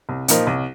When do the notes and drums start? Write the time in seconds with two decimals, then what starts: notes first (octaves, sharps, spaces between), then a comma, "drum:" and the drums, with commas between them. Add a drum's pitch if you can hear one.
0.09 C2
0.28 A#2 F3 D#4 A#4, drum: hi-hat
0.47 C2